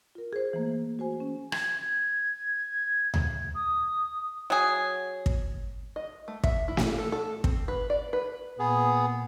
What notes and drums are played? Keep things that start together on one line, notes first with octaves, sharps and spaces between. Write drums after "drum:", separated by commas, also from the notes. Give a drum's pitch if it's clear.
F4 A#4
G#4 C5
E3 A3 A#3
F#4 C5 G#5
C#4
G#6, drum: rim click
G#6
drum: tom D2
D#6
F#3 G#4
drum: kick
D#5
A3
E5, drum: kick
E4
drum: snare
A4
A4
C4, drum: kick
B4
D5
B4
A#2 B3 G#4